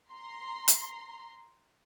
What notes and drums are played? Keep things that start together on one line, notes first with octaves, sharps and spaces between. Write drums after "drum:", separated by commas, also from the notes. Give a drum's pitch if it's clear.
A#5 C6
drum: hi-hat